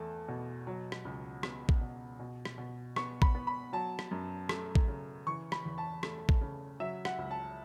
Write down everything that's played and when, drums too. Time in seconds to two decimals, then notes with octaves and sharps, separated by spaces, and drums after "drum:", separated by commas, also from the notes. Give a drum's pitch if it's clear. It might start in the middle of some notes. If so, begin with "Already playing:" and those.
Already playing: E2 A3 A5
0.28 B2
0.67 F#3
0.92 drum: rim click
1.05 C#2
1.43 B3, drum: rim click
1.69 drum: kick A1
1.81 B2
2.19 B2
2.45 drum: rim click
2.58 B2
2.96 B3 C#6, drum: rim click
3.22 B5, drum: kick A1
3.35 B3
3.47 B5
3.73 F#3 A5
3.99 drum: rim click
4.11 F#2
4.49 A3, drum: rim click
4.75 drum: kick A1
4.88 C#3
5.27 E3 C#6
5.52 B5, drum: rim click
5.65 E2
5.78 A5
6.03 A3, drum: rim click
6.29 drum: kick A1
6.41 C#3
6.80 F#3 E5
7.05 F#5, drum: rim click
7.18 C#2
7.31 A5